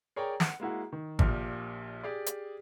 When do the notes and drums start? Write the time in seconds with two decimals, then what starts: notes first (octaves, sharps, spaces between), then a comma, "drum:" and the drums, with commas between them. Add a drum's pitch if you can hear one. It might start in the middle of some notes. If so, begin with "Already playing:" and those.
0.16 G#4 A#4 C#5 D5 G5 A#5
0.40 F#5, drum: snare
0.60 G#3 A#3 E4 F#4
0.92 D#3
1.19 A#1 A#2 F3 G4 F6, drum: kick G#1
2.03 G4 G#4 D5
2.26 drum: hi-hat